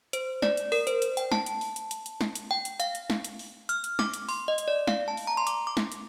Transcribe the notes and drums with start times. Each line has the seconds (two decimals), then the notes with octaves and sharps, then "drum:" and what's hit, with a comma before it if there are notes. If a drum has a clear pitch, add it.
0.13 C5, drum: hi-hat
0.42 D5, drum: snare
0.57 drum: hi-hat
0.72 A#4, drum: open hi-hat
0.87 C5, drum: hi-hat
1.02 drum: hi-hat
1.17 G5, drum: hi-hat
1.32 A5, drum: snare
1.46 drum: hi-hat
1.61 drum: open hi-hat
1.76 drum: hi-hat
1.91 drum: hi-hat
2.06 drum: hi-hat
2.21 drum: snare
2.35 drum: hi-hat
2.51 G5
2.65 drum: hi-hat
2.80 F5, drum: hi-hat
2.95 drum: hi-hat
3.10 drum: snare
3.24 drum: hi-hat
3.39 drum: open hi-hat
3.69 F6, drum: hi-hat
3.84 drum: hi-hat
3.99 D6, drum: snare
4.14 drum: hi-hat
4.29 C6, drum: open hi-hat
4.48 D#5
4.58 drum: hi-hat
4.68 D5
4.87 F5, drum: snare
5.08 A5
5.17 drum: open hi-hat
5.27 A#5
5.37 C6
5.47 D6, drum: hi-hat
5.67 D6
5.77 drum: snare
5.92 drum: hi-hat